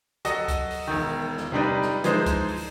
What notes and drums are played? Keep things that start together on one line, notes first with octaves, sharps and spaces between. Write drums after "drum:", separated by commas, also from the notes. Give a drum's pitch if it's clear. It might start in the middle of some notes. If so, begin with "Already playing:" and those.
F#3 F#4 A4 D#5, drum: hi-hat
drum: kick C#2, hi-hat
drum: open hi-hat
E1 D#3
drum: snare
C3 G3 D4 D#4 B4
drum: snare
E3 F3 G#3 D#4 C5, drum: hi-hat
drum: kick C#2, hi-hat
drum: open hi-hat